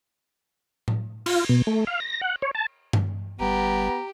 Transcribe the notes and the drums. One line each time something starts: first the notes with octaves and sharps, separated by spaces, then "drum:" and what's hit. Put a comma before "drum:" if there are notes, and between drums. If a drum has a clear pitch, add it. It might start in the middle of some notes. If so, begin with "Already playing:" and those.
drum: tom A2
F4, drum: cymbal
B2
A3
F5
A#6
F#5
C#5
A5
drum: tom G2
G1 G3 B3 G4 A#5